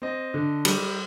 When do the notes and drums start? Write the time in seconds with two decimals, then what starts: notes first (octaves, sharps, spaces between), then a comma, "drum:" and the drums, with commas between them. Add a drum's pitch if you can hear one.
0.02 C4 D#5
0.34 D3
0.65 G3, drum: cymbal